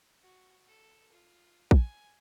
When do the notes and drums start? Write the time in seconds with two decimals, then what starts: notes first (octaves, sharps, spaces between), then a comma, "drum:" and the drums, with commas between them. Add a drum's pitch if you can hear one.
0.22 F#4
0.67 A4
1.12 F4
1.71 G#5, drum: kick